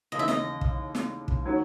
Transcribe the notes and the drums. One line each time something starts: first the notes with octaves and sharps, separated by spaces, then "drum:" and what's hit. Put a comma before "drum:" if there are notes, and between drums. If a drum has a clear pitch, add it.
D#2 C#3 E3 D#5
E5
D#5, drum: snare
drum: kick
drum: snare
drum: kick
D#3 F#3 C#4 F#4